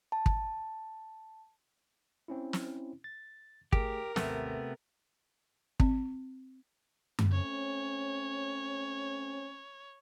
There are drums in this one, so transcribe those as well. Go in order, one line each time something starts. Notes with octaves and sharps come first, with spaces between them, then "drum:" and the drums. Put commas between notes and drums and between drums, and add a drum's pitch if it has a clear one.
A5
drum: kick
C4 C#4 E4
drum: snare
A6
A3 G4 G#4 A#4, drum: kick
G#1 D#2 C3 A3 B3, drum: snare
C4, drum: kick
drum: tom F#2
A3 C4 C#4 C#5